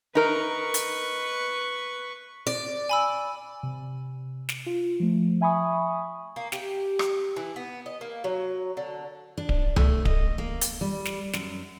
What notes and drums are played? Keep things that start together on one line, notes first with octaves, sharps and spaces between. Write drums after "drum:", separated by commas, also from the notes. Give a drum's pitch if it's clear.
D#4 A#4 B4 C#6
drum: hi-hat
D5
G#5 B5 E6
C3
drum: snare
F4
F3 A3
E5 G#5 B5 C#6 D#6
A#3
G4, drum: snare
drum: rim click
E3
B3
D#5
A#3
F#3
D3
D4
drum: kick D1
A3, drum: tom C2
D#5, drum: kick D1
A#3
drum: hi-hat
G3
drum: snare
F#2, drum: snare